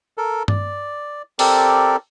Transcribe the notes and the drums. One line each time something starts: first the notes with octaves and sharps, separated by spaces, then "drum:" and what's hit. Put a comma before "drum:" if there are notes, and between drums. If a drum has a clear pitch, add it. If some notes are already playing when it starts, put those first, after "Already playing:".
A4 A#4
D5, drum: tom G2
C4 G4 A4 A#4 D5, drum: open hi-hat